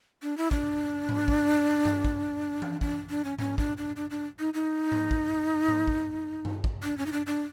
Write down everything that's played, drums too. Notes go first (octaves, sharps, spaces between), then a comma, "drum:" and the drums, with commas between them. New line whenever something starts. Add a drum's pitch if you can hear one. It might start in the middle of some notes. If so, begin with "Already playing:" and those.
D4
E4
D4, drum: kick
drum: tom G#2
drum: kick
drum: tom G2
drum: kick
drum: tom E3
D4, drum: kick
D4
C#4
C#4, drum: tom G#2
D4, drum: kick
D4
D4
D4
D#4
D#4
drum: tom G#2
drum: kick
drum: tom G#2
drum: kick
drum: tom G2
drum: kick
D4
C#4
D#4
D4
D4